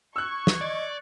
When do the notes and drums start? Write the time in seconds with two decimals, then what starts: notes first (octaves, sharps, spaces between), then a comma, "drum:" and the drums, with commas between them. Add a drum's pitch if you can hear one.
0.16 C#6 E6 F#6 G#6
0.47 drum: snare
0.61 D5 D#5